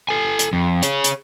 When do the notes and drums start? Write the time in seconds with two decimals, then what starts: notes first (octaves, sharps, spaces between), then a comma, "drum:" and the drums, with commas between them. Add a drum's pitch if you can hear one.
0.09 A4 G#5
0.39 drum: hi-hat
0.53 F2
0.83 G#4 C#5, drum: hi-hat
1.04 drum: hi-hat